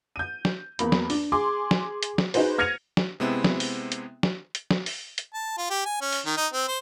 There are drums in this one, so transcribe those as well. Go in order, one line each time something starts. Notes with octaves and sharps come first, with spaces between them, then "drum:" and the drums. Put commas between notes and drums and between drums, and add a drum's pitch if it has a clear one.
G6 D#7
drum: snare
E2 A#3 B5, drum: hi-hat
drum: snare
D4, drum: open hi-hat
G#4 C6 D6
drum: snare
drum: hi-hat
drum: snare
D#4 F#4 G#4 B4 C5, drum: open hi-hat
F6 G#6 A#6 C#7 D#7 F7
drum: snare
C3 G#3 B3 C4 E4
drum: snare
drum: open hi-hat
drum: hi-hat
drum: snare
drum: hi-hat
drum: snare
drum: open hi-hat
drum: hi-hat
A5
F4
G4
G#5
C#4
drum: open hi-hat
D#3
D#4
C4
C5